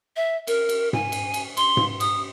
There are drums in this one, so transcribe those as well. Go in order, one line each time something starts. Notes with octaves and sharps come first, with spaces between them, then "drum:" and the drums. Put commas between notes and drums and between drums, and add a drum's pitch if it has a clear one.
E5
A#4, drum: cymbal
drum: cymbal
G#5, drum: tom G#2
drum: cymbal
drum: cymbal
C6, drum: cymbal
drum: tom G#2
D#6, drum: cymbal